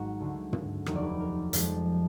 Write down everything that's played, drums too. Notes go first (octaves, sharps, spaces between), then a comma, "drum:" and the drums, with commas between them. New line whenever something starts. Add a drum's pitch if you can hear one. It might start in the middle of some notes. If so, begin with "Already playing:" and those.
Already playing: G#1 G#2 F#3 F#4 A#4
D2 D3 G#3
drum: tom
F1 D#2 D#3 F#3 A#4, drum: rim click
D5
B4
A#4
F2 F3 G#3, drum: hi-hat